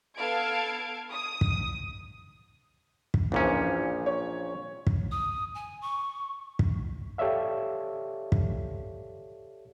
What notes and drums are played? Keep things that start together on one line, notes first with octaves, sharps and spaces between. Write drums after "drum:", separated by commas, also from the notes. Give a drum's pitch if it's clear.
B3 A4 F5 A5 G#6 D7
D#6
drum: kick
drum: kick
A#1 A#2 E3 F3 C#4
C#5
drum: kick
D#6
G#5
C#6
drum: kick
G4 A4 C#5 D5 E5 F5
drum: kick